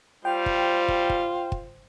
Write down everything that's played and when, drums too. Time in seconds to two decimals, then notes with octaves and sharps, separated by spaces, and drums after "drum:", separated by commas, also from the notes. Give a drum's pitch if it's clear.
0.25 G3 F4 C5 G5
0.46 drum: kick
0.88 drum: kick
1.10 drum: kick
1.52 drum: kick